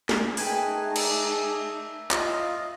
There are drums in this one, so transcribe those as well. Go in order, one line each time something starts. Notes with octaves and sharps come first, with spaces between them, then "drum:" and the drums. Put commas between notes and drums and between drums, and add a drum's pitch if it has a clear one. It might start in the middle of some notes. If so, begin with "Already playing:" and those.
drum: snare
A3 D#4 G#4 A#4 B4 G5 G#5, drum: open hi-hat
D5 E5, drum: cymbal
F4 D#5, drum: clap